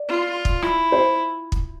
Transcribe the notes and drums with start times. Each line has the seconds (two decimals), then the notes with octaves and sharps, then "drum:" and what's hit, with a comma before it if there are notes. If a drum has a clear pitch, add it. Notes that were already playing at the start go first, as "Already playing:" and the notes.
Already playing: D5
0.09 F4
0.45 drum: kick
0.62 E4, drum: rim click
0.92 C5
1.52 drum: kick